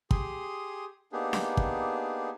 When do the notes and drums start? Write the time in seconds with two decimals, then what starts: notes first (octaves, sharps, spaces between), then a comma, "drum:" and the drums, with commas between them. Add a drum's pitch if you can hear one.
0.11 G4 G#4 C6 D#6, drum: kick
1.12 A#3 B3 D4 D#4 G4 G#4
1.33 drum: snare D4
1.57 drum: kick